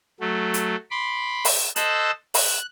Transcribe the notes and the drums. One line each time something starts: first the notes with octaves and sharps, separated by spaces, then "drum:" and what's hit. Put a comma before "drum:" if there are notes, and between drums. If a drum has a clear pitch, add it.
F#3 A3
drum: hi-hat
B5 C6 D6
drum: open hi-hat
A4 C5 D#5 E6 F#6, drum: hi-hat
F#6, drum: open hi-hat